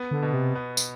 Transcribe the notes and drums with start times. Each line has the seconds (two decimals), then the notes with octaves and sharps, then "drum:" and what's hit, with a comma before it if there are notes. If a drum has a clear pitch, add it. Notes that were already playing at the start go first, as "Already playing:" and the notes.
Already playing: B3
0.11 D3
0.22 B2
0.34 C3
0.55 B3
0.77 drum: tambourine